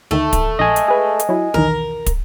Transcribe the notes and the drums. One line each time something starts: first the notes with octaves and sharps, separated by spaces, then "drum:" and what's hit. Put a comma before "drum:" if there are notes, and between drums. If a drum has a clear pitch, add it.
D2 D#3 A3
drum: kick, hi-hat
A#1 D#5 G#5
drum: hi-hat
G#4 B4
drum: hi-hat
F#3 E4
B1 E2 D#3 A#4
drum: kick, hi-hat